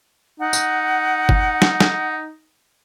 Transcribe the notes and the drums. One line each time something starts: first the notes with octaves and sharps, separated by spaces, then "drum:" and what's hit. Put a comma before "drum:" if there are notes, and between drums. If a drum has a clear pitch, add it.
D#4 F#5
drum: tambourine
drum: kick G1
drum: snare
drum: snare